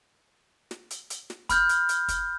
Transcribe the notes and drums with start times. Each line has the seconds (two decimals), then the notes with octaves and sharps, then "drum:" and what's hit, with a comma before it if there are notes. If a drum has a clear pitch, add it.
0.71 drum: snare
0.90 drum: hi-hat
1.10 drum: hi-hat
1.30 drum: snare
1.49 B5 F6 G6, drum: kick, hi-hat
1.69 drum: hi-hat
1.89 drum: hi-hat
2.08 drum: kick, hi-hat